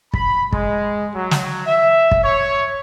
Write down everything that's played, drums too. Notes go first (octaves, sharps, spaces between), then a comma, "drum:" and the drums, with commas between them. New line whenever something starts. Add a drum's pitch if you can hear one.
B5, drum: kick
G#3, drum: kick
F#3
drum: snare
E5
drum: kick
C#5